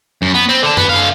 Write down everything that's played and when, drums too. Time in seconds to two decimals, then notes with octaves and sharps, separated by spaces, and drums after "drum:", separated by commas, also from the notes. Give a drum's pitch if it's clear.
0.22 F#2
0.34 B3
0.49 C4
0.63 D3 A5
0.77 B3, drum: tom F#2
0.89 D3 F5